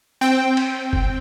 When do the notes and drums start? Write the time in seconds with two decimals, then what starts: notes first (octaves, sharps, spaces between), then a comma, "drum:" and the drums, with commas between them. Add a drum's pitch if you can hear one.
0.21 C4 G5
0.57 drum: cymbal
0.93 drum: kick F#1